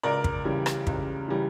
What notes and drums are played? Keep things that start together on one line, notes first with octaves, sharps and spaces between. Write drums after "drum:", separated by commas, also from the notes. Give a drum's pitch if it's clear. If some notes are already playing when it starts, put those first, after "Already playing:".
C#2 A#4 D5
drum: kick
C#3 E3 G3
drum: rim click
C#2, drum: kick
C#3 E3 G3